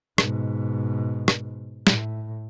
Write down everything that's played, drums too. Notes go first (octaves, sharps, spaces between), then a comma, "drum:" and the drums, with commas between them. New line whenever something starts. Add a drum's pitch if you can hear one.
G#2 B2, drum: rim click
drum: rim click
A2, drum: snare